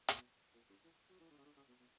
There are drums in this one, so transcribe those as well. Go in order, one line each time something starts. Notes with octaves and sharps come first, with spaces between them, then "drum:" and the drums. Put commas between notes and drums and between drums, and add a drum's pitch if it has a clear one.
B2, drum: hi-hat
A#2
G2
E3
F#3
E3
D3
C#3
D3
C#3
B2
B2